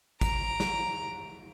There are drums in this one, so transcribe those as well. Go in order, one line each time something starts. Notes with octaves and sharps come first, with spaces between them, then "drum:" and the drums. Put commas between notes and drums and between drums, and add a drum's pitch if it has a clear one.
A#5 D7, drum: kick, hi-hat
drum: snare